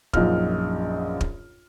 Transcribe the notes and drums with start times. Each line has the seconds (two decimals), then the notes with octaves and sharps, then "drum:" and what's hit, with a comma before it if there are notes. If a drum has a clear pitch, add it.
0.13 A#1 F#2 D#4 F4 D#5 F6, drum: kick
1.21 drum: kick